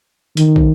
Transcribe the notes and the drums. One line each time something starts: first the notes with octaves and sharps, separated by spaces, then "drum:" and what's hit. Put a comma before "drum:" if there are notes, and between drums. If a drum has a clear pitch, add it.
D#3, drum: hi-hat
drum: kick